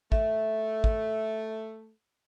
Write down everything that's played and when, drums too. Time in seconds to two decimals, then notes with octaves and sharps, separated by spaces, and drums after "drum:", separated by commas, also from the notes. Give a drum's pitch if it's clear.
0.12 A3 E5, drum: kick
0.84 drum: kick